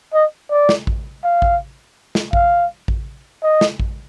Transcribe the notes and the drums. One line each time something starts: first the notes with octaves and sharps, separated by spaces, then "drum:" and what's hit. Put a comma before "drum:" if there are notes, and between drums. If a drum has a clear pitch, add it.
D#5
D5
drum: snare
drum: kick A1
F5
drum: kick A1
drum: snare
F5, drum: kick A1
drum: kick A1
D#5
drum: snare
drum: kick A1